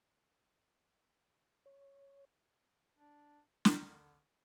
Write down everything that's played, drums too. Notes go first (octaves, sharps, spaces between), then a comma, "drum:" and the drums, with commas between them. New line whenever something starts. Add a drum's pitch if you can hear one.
C#5
D4
D3, drum: snare